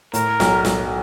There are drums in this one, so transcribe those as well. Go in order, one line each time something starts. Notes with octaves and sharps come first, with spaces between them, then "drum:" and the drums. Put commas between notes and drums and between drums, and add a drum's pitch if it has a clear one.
A2 A#4, drum: hi-hat
B1, drum: snare
B1, drum: snare